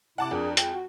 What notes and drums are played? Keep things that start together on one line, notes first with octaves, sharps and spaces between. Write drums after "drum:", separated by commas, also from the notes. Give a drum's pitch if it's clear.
C3 E4 F#5 A5 D6
F2 D4 G#4 A#4
G#3 G5, drum: hi-hat
F#4